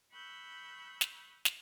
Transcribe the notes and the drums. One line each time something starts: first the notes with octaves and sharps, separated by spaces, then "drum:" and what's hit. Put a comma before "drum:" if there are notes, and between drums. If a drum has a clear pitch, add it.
B5 C#6 E6 F#6 G6
drum: snare
drum: snare